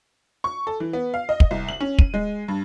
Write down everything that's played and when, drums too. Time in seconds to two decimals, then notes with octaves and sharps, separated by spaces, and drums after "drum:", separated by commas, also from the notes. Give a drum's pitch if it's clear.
0.44 C#6
0.67 A4
0.80 E3
0.93 B3
1.14 F5
1.29 D#5
1.40 drum: kick
1.51 C2
1.69 F#7
1.81 C#4
1.99 D#7, drum: kick
2.14 G#3
2.48 G2